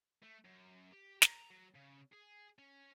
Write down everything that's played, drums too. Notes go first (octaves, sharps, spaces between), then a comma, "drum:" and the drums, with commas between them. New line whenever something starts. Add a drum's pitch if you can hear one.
A3
F#2
G4
A#5, drum: snare
F#3
C#3
G#4
C#4